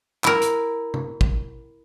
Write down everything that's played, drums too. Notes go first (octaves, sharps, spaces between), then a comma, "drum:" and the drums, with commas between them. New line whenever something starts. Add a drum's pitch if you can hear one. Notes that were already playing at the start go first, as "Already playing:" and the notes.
E4 A#4, drum: clap
drum: hi-hat
drum: tom C3
drum: kick